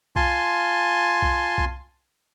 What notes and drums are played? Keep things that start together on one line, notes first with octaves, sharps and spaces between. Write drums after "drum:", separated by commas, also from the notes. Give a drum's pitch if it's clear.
F4 G#5 A5 C6, drum: kick B1
drum: kick B1
drum: kick B1